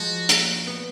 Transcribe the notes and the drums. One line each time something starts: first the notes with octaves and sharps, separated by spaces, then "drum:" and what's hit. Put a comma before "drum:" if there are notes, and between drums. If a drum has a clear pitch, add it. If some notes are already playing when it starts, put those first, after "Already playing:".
Already playing: F3 G#3 F#4
A#2, drum: hi-hat
B3